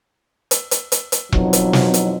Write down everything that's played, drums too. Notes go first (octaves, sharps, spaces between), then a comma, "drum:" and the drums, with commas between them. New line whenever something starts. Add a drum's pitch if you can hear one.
drum: hi-hat
drum: hi-hat
drum: hi-hat
drum: hi-hat
F2 B2 E3 F#3 D#4, drum: kick E1
drum: hi-hat
drum: snare
drum: hi-hat